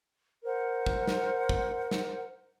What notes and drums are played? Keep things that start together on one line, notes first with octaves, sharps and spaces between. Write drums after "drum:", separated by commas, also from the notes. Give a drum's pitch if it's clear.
A#4 C5 F#5
drum: kick
drum: snare
drum: kick
drum: snare